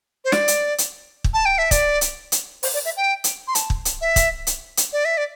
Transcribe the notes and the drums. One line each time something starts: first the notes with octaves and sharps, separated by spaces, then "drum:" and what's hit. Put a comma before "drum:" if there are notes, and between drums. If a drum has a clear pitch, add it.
C5
D5, drum: snare
drum: hi-hat
drum: hi-hat
drum: kick
A5
G5
E5
D5, drum: kick, hi-hat
drum: hi-hat
drum: hi-hat
C5, drum: open hi-hat
D5
E5
G5
drum: hi-hat
C6
A5, drum: hi-hat
drum: kick
drum: hi-hat
E5
drum: kick, hi-hat
drum: hi-hat
drum: hi-hat
D5
E5
D5